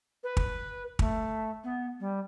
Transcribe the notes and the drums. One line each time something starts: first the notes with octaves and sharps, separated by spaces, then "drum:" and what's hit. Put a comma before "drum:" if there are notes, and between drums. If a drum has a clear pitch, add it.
B4
drum: kick
A3, drum: kick
B3
G3